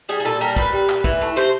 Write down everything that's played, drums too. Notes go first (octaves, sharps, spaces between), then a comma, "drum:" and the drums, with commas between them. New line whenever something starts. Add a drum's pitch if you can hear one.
G3 G#4
G#4
A#2 A4
G3 A#4
A#2 B4, drum: kick
G3
A#2, drum: clap
E3, drum: kick
A3
C3 C5